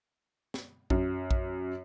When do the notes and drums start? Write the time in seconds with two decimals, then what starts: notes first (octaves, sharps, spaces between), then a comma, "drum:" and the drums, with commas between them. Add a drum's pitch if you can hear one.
0.54 drum: snare
0.90 F#2, drum: kick A#1
1.31 drum: kick A#1